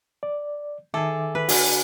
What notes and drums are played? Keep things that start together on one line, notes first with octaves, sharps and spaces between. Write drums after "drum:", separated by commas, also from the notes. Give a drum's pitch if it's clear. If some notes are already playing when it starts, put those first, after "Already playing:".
D5
D#3 G#4 A4 E5 D6
B4
D3 F#4 G#4, drum: open hi-hat